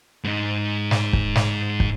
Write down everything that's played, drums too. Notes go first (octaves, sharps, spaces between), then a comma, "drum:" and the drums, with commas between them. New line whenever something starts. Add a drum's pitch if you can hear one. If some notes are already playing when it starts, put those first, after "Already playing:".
G#2 D#4
drum: snare
drum: kick
drum: snare
drum: kick